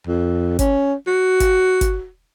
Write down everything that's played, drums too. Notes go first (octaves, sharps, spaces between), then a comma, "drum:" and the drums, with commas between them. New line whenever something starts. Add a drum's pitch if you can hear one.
F2
C#4, drum: kick G1, hi-hat
F#4
drum: kick G1, hi-hat
drum: kick G1, hi-hat